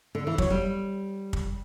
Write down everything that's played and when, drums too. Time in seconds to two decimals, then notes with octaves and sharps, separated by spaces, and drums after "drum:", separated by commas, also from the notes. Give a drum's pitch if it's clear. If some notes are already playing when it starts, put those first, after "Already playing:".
0.15 D3
0.27 E3
0.38 F#3, drum: kick
0.50 G3
1.33 drum: kick